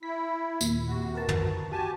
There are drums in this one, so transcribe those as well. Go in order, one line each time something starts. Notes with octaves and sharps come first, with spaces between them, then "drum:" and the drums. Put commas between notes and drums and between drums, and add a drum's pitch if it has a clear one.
E4 B6
D#2 A#2, drum: tambourine
C3 F#4
A#4 B4 A5
drum: tom
F#4 G4 G#5 A5